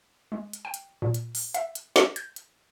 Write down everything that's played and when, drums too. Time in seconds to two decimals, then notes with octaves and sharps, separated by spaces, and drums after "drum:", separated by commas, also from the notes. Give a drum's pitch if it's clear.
0.32 G#3
0.53 drum: hi-hat
0.65 G5
0.74 drum: hi-hat
1.02 A#2
1.14 drum: hi-hat
1.35 drum: open hi-hat
1.54 E5, drum: hi-hat
1.75 drum: hi-hat
1.96 drum: snare
2.16 G6, drum: hi-hat
2.36 drum: hi-hat